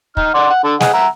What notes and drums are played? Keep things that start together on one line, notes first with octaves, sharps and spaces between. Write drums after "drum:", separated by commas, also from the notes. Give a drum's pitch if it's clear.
D#4 F6, drum: kick
D5 F#5 C6
F#5
D3 A4
G#4 D#5 F#5, drum: snare
E5 F#5 A#5